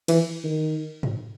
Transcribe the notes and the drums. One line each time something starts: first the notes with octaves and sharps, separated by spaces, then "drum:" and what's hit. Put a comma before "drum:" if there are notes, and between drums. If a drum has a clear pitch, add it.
E3, drum: cymbal
D#3
drum: tom G2